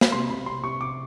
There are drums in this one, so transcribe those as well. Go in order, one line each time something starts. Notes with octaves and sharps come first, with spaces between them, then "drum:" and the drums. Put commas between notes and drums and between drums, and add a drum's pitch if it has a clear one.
B5, drum: snare
C3 C6
C3 B5
C3 C6
C3 C#6
C3 D6